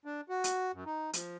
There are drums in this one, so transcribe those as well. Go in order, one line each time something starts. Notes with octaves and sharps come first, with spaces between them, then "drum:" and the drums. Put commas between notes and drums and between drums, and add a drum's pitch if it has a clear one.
D4
F#4
drum: hi-hat
F#2
D#4
F3, drum: hi-hat